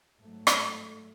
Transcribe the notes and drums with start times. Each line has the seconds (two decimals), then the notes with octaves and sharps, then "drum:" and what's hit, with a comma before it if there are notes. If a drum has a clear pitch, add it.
0.19 G#2 F#3 A3
0.47 drum: rim click